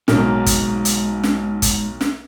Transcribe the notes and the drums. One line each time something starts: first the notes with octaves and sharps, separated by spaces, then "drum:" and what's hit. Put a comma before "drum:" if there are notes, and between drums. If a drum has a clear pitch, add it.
B1 G#2 F#3 A#3, drum: snare
drum: kick G1, hi-hat
drum: hi-hat
drum: snare
drum: kick G1, hi-hat
drum: snare